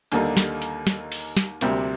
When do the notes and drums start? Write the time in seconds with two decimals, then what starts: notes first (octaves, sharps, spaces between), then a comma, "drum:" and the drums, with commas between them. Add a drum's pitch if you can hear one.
0.12 D#2 D3 G3 A#3 D#4, drum: hi-hat
0.37 drum: snare
0.62 drum: hi-hat
0.87 drum: snare
1.12 drum: open hi-hat
1.37 drum: snare
1.61 D2 C3 G3 A#3, drum: hi-hat